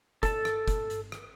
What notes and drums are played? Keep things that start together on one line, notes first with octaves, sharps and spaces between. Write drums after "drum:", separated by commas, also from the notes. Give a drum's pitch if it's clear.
A4 A5, drum: kick, hi-hat
drum: rim click
drum: kick, hi-hat
drum: hi-hat
drum: rim click